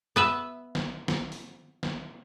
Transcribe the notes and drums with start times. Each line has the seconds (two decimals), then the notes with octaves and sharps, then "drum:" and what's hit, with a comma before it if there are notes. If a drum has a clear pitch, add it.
0.16 B3 B4 E5
0.75 drum: snare
1.08 drum: snare
1.32 drum: open hi-hat
1.83 drum: snare